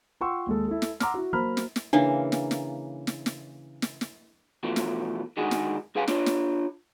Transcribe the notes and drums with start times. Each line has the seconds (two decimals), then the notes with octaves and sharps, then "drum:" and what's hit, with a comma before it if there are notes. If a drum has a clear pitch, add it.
0.21 F4 F#5 G5 C6 C#6 E6
0.46 D#2 G#3 A4
0.68 E4 A4
0.82 drum: snare
1.00 F#5 A#5 C6 D6 E6 F6, drum: snare
1.14 E4 F#4
1.33 F#3 A#3 C5 A#5 B5 F6
1.57 drum: snare
1.76 drum: snare
1.93 C#3 E3 A#3 D4
2.32 drum: snare
2.51 drum: snare
3.07 drum: snare
3.26 drum: snare
3.82 drum: snare
4.01 drum: snare
4.63 B2 E3 F3 A3
4.76 drum: snare
5.37 D3 D#3 G#3 F#4 G#4
5.51 drum: snare
5.95 C2 G#4 B4 F5 G#5
6.08 D4 F4 C#5, drum: snare
6.26 drum: snare